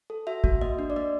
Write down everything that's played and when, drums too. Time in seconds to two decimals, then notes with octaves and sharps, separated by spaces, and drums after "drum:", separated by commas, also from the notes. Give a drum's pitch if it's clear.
0.10 A4
0.27 F#4 E5
0.44 F#4, drum: kick G#1
0.61 A#3 D#5
0.79 D4
0.90 D5
0.96 A#3 D#5